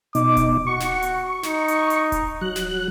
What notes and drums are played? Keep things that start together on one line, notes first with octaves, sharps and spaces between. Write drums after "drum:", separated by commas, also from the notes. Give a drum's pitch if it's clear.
B2 D#4 D6, drum: hi-hat
drum: kick D#1, hi-hat
F#4 C#6
drum: snare
drum: hi-hat
D#4, drum: snare
drum: hi-hat
drum: hi-hat
drum: kick D#1, hi-hat
F#3 F#6
drum: snare